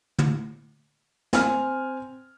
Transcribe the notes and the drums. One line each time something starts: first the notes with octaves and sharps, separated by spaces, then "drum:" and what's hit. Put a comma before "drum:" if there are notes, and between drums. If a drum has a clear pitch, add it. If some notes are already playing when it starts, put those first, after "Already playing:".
drum: tom
C4 G#5 F6, drum: snare